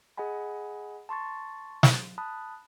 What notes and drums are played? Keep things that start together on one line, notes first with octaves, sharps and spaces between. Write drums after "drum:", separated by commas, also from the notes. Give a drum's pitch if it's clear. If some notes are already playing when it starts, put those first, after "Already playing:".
G#4 D#5 F#5 G#5 B5
A5 C6 C#6 A6
drum: snare
A5 B5 D#6 F#6